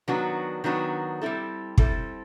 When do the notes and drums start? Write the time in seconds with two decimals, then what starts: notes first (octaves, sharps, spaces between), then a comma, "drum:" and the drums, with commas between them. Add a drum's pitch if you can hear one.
0.08 D#3 F#3 B3 D4 F#4
0.64 D#3 F#3 B3 D4 F#4
1.22 G3 C4 E4 A4
1.78 G3 C4 E4 A4, drum: kick